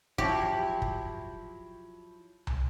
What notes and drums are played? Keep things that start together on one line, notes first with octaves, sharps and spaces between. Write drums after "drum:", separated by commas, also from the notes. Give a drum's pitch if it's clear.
F3 F#3 E4 G4, drum: kick
drum: kick
drum: tom